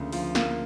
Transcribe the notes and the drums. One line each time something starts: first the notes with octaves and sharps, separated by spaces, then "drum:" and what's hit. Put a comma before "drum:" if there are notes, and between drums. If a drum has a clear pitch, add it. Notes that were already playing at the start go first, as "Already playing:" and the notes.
Already playing: D2 C#3 F3 A#3
F3, drum: open hi-hat
A#3, drum: snare